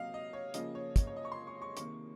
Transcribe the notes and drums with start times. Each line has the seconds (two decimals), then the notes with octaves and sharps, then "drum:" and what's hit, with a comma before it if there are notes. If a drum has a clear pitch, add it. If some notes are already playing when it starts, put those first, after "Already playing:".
Already playing: C3 F#3 A#3 D#5 F5
0.14 D#5
0.33 C#5
0.54 C#3 F3 A#3 D#5, drum: hi-hat
0.75 C#5
0.96 C#5, drum: kick, hi-hat
1.07 C#5
1.16 D#5
1.25 C#6
1.32 C6
1.47 C#6
1.62 C#6
1.77 C3 D#3 A#3 C#6, drum: hi-hat